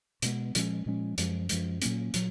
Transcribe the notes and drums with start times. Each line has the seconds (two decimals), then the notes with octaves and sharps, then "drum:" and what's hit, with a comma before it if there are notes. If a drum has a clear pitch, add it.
0.22 B2 G#3 B3, drum: hi-hat
0.55 A#2 F3 G#3 C#4, drum: hi-hat
0.86 A#2 F3 G#3 C#4
1.18 F#2 F3 G#3, drum: hi-hat
1.49 F#2 F3 G#3, drum: hi-hat
1.82 A#2 F#3 A#3 C#4, drum: hi-hat
2.14 A#2 F#3, drum: hi-hat